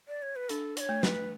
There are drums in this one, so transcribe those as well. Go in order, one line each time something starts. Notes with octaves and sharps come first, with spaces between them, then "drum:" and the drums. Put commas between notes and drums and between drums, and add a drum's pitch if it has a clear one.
D5
C#5
B4
D4 A4, drum: hi-hat
D5, drum: hi-hat
C#5
A3
B4, drum: snare